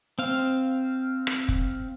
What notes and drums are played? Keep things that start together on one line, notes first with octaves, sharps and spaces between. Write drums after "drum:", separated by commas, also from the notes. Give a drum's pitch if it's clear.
C4 F5
drum: rim click
drum: kick